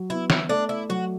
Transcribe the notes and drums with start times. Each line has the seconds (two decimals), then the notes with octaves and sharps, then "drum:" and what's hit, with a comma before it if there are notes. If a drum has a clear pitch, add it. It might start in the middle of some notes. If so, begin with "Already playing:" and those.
Already playing: F#3
0.10 B3 E4
0.30 E4, drum: snare
0.49 A3 D4
0.69 E4
0.89 F#3 F#4